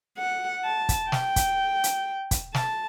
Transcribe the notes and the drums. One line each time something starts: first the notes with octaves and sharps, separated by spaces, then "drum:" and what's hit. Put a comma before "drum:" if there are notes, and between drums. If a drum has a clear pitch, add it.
F#5
A5
drum: kick, hi-hat
G5, drum: snare
drum: kick, hi-hat
drum: hi-hat
drum: kick, hi-hat
A5, drum: snare